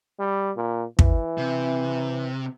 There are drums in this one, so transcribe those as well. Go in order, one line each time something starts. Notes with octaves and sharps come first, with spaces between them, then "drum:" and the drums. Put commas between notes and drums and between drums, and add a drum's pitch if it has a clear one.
G3
A#2
E3, drum: kick
C3